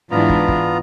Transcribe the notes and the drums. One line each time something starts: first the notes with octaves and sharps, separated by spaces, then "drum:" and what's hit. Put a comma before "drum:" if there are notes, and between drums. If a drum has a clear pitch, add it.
G#2 E3 B3 D4 F4 A#5
drum: kick
drum: kick